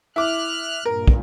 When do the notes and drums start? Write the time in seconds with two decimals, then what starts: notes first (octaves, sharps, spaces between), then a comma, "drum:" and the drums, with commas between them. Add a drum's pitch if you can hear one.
0.16 E4 D6 F6 F#6
0.86 G2 A#2 A#4
1.08 drum: kick